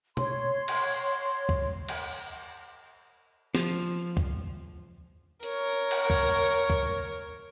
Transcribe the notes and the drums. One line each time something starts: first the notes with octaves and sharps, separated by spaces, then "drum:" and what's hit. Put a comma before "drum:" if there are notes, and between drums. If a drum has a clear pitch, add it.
C#5 C6, drum: tom B2
drum: cymbal
drum: kick C#2
drum: cymbal
F3, drum: snare
drum: kick C#2
A#4 C#5, drum: hi-hat
drum: cymbal
drum: kick C#2
drum: kick C#2